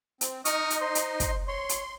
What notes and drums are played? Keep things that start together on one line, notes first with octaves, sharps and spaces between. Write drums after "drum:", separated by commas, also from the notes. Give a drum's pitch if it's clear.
C4, drum: hi-hat
D#4 D#5 C#6 D#6 F6, drum: hi-hat
drum: hi-hat
C5 C6
drum: hi-hat
drum: kick, hi-hat
C#5 C6
drum: hi-hat